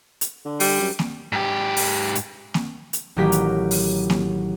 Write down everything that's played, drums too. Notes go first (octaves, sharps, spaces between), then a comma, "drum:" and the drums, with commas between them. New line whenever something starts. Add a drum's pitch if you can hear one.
drum: hi-hat
D3
G3, drum: open hi-hat
F#2
drum: snare A#3
G#2 G4
drum: open hi-hat
drum: hi-hat
drum: snare A#3
drum: hi-hat
A1 D#3 F#3 G4 A#4 B6
drum: hi-hat
drum: open hi-hat
drum: snare A#3